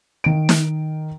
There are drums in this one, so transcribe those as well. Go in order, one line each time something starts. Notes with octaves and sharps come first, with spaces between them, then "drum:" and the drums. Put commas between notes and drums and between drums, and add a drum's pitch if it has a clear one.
D#3 D7
drum: snare